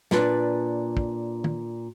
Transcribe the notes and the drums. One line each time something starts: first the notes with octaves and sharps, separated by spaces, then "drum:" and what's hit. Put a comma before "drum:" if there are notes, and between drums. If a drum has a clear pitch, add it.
A#2 D4 B4, drum: snare
drum: kick
drum: tom